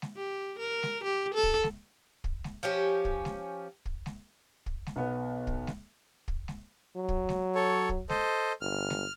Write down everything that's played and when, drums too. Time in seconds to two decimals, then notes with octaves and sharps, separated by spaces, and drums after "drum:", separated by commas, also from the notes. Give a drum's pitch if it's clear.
0.02 drum: snare G#3
0.17 G4
0.59 A#4
0.83 drum: snare G#3
1.03 G4
1.34 A4
1.43 drum: kick
1.64 drum: snare G#3
2.24 drum: kick
2.44 drum: snare G#3
2.63 F3 C#4 G4
3.05 drum: kick
3.25 drum: snare G#3
3.86 drum: kick
4.06 drum: snare G#3
4.66 drum: kick
4.86 drum: snare G#3
4.96 B1 B3
5.47 drum: kick
5.67 drum: snare G#3
6.28 drum: kick
6.48 drum: snare G#3
6.96 F#3
7.09 drum: kick
7.29 drum: snare G#3
7.55 A4 C#5
7.89 drum: kick
8.09 A4 C5 D#5, drum: snare G#3
8.61 G1 F6
8.90 drum: snare G#3